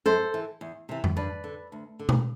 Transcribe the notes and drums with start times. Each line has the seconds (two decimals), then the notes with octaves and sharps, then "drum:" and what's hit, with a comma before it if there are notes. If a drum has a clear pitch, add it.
0.06 F#2 A4 C5
0.34 E3
0.61 E2
0.89 C3 E3
1.04 drum: tom F2
1.16 G2 B4 D5
1.44 D3
1.72 D2
1.99 D3
2.09 drum: tom B2